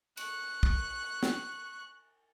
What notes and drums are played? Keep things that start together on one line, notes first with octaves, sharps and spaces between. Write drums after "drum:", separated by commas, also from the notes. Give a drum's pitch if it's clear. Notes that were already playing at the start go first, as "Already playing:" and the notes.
C#6 F#6, drum: cymbal
drum: kick
drum: snare